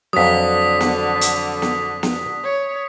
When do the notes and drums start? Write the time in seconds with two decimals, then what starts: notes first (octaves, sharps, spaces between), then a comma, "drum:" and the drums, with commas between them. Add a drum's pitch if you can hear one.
0.13 F2 D3 F#3 D#6 B6
0.81 drum: snare
1.21 drum: hi-hat
1.62 drum: snare
2.03 drum: snare
2.44 C#5